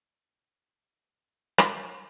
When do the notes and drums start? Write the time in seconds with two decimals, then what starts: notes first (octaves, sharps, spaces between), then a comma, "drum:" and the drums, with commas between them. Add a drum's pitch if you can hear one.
0.10 D#4 F#4 G4
1.58 drum: rim click